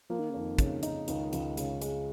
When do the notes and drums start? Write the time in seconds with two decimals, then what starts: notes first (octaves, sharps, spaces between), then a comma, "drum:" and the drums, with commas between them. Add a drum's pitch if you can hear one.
0.10 F3 A#3
0.20 D#3
0.30 F2 C#3
0.40 D#3
0.59 C#3, drum: kick, hi-hat
0.83 D#4, drum: hi-hat
1.08 C#2 D#3, drum: hi-hat
1.33 C#2, drum: hi-hat
1.57 C#3, drum: hi-hat
1.82 G#3, drum: hi-hat